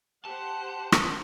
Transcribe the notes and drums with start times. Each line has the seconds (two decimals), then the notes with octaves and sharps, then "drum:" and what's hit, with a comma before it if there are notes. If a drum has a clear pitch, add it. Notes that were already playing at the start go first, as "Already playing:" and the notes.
0.25 G4 C5 F#5 A5
0.92 drum: rim click